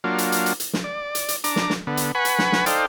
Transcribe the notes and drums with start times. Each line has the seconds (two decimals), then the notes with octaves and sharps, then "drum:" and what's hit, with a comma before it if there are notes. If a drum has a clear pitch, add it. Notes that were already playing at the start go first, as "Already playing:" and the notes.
0.04 F#3 A#3 D4 F4
0.18 drum: hi-hat
0.32 drum: hi-hat
0.46 drum: hi-hat
0.60 drum: hi-hat
0.73 drum: snare
0.84 D5
1.15 drum: hi-hat
1.29 drum: hi-hat
1.44 D4 A#5 D6, drum: hi-hat
1.56 drum: snare
1.70 drum: snare
1.87 D3 B3
1.97 drum: hi-hat
2.15 B4 F#5 G#5 B5 C#6
2.25 drum: hi-hat
2.39 drum: snare
2.52 drum: snare
2.66 D#4 A4 C5 D5 F5 G5, drum: hi-hat